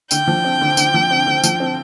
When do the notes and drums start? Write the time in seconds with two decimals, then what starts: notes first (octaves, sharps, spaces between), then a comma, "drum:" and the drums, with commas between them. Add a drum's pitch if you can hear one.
0.11 D3 G5, drum: tambourine
0.27 F3
0.44 C4
0.61 D3
0.77 D3, drum: tambourine
0.94 F3
1.11 C4
1.27 D3
1.44 F3, drum: tambourine
1.60 C4